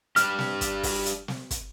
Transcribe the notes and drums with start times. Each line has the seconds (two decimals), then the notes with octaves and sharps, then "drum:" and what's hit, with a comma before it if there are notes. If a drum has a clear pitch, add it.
0.16 G3 D4 G4 F6, drum: hi-hat
0.39 drum: snare
0.61 drum: kick, hi-hat
0.83 drum: kick, open hi-hat
1.06 drum: hi-hat
1.28 drum: snare
1.51 drum: kick, hi-hat